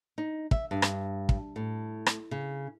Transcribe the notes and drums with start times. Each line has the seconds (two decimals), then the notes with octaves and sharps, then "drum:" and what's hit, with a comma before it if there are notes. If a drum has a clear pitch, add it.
0.18 D#4
0.51 E5, drum: kick
0.71 G2
0.82 drum: rim click
1.29 drum: kick
1.56 A2
2.06 drum: rim click
2.31 C#3